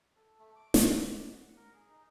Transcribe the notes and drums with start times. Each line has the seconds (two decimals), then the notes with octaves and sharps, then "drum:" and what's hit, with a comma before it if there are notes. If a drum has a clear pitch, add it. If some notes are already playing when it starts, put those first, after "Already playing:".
0.16 A4
0.39 A3
0.56 D6
0.74 D5, drum: snare
0.95 D5
1.11 F#6
1.32 F#5
1.57 A#4
1.73 G#4
1.89 D#4